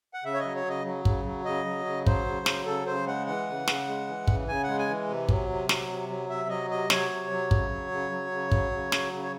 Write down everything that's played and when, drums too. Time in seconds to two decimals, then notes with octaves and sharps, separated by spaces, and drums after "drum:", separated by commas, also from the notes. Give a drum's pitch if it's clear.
0.14 F#5
0.24 C#3 E5
0.34 C#5
0.40 F#3 D#5
0.55 C#5
0.65 C#3 D#5
0.85 F#3
1.05 C#3, drum: kick
1.25 F#3
1.45 C#3 D#5
1.66 F#3
1.86 C#3
2.06 F#3 C5, drum: kick
2.26 C#3
2.46 F#3, drum: snare
2.66 C#3 A4
2.87 C#3 C5
3.07 G#3 F#5
3.27 E3 F#5
3.47 C#3
3.68 C#3, drum: snare
3.88 G#3
4.08 E3
4.27 C#3, drum: kick
4.48 C#3 G#5
4.63 F#5
4.68 G#3
4.79 G#5
4.88 E3
5.08 C3
5.29 F#3, drum: kick
5.50 C3
5.69 F#3, drum: snare
5.89 C3
6.09 F#3
6.29 C3 E5
6.49 F#3 D#5
6.70 C3 D#5
6.90 F#3 C#5, drum: snare
7.11 C3
7.31 F#3
7.51 C#3, drum: kick
7.71 F#3
7.91 C#3
8.12 F#3
8.31 C#3
8.52 F#3, drum: kick
8.72 C#3
8.92 F#3, drum: snare
9.12 C#3
9.23 C#5